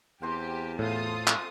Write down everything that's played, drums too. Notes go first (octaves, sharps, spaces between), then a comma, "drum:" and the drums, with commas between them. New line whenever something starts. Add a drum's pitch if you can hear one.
E2 C4 G4 C5 F#5
A2 F4 A4 D#6
drum: clap